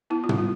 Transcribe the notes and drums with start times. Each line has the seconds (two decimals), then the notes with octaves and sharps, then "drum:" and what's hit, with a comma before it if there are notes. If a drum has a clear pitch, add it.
0.10 B3 E4
0.24 F4
0.29 G3, drum: tom
0.38 F4